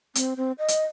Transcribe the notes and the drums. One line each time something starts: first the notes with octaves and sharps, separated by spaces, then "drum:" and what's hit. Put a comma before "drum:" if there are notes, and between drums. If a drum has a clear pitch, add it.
C4, drum: hi-hat
C4
D#5
drum: hi-hat